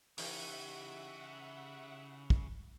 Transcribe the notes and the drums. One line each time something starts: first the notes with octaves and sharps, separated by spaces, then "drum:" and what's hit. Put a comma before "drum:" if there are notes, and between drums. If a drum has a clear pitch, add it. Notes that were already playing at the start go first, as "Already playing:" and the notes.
C#3 E3 D#4 G4 E5 F#5, drum: open hi-hat
drum: kick